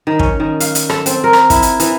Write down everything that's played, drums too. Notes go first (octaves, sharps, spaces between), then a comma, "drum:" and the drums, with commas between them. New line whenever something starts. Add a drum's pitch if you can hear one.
D#3
C#4, drum: kick
D#3
F5, drum: hi-hat
drum: hi-hat
A4, drum: rim click
C4, drum: hi-hat
A#4
drum: rim click
E4, drum: kick, hi-hat
drum: hi-hat
E3, drum: hi-hat